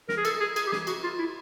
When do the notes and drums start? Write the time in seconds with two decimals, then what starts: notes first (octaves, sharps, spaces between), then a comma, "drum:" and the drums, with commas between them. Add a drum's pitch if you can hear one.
0.09 A#4, drum: snare
0.17 G#4
0.25 A4, drum: cymbal
0.40 G#4
0.56 G#4, drum: cymbal
0.67 G4
0.72 G#4, drum: snare
0.87 F#4, drum: cymbal
1.03 F4
1.19 E4